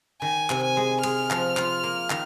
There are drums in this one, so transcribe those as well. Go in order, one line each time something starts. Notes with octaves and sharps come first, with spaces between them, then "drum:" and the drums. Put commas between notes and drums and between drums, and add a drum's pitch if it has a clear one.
D#3 G#5
C3, drum: clap
G#5
G#3
G#3 F6, drum: cymbal
F3, drum: clap
F4, drum: clap
A#3
D#3, drum: clap